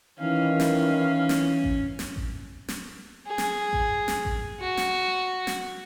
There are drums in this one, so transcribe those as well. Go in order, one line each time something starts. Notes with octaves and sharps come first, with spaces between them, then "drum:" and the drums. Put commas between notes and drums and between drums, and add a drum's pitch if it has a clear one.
D#3 E3 C#4 F5
drum: snare
drum: snare
drum: kick A1
drum: snare
drum: kick A1
drum: snare
G#4
drum: snare
drum: kick A1
drum: snare
drum: kick A1
F#4
drum: snare
drum: snare